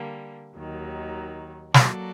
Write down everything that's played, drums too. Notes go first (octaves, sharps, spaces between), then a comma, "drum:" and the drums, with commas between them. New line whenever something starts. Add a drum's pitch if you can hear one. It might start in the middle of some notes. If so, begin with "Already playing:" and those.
Already playing: D3 G3 A#3
D#2 D#3 F#3
F#3 A#3 F#4 A4 D5, drum: snare